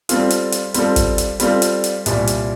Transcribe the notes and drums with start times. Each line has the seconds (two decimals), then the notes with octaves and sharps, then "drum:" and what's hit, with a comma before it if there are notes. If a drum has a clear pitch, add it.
0.09 G3 C4 F4 A4, drum: hi-hat
0.30 drum: hi-hat
0.52 drum: hi-hat
0.74 G3 C4 F4 A4, drum: hi-hat
0.96 drum: kick, hi-hat
1.18 drum: hi-hat
1.40 G3 C4 F4 A4, drum: hi-hat
1.62 drum: hi-hat
1.84 drum: hi-hat
2.06 C2 A#2 G3, drum: hi-hat
2.27 drum: hi-hat